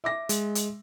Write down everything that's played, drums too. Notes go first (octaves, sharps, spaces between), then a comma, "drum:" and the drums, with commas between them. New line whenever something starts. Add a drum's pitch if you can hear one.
E5 D6 A#6
G#3, drum: hi-hat
drum: hi-hat